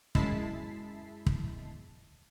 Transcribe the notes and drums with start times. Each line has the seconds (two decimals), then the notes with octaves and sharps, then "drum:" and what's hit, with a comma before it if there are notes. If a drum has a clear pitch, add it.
0.15 F#2 G#3 E4 A5 B6 C7, drum: kick
1.26 drum: kick